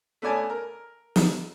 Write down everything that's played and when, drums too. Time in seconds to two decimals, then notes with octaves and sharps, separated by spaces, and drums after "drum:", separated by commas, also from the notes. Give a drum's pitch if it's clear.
0.22 A3 B3 C#4 D5 G#5 A5
0.50 A#4
1.16 drum: snare